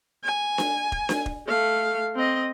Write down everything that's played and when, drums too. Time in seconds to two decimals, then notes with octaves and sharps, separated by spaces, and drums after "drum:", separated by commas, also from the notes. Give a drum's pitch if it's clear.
0.24 G#5
0.58 drum: snare D4
0.92 drum: kick E1
1.09 drum: snare D4
1.26 drum: kick E1
1.47 A3 F5
2.15 C4 D#5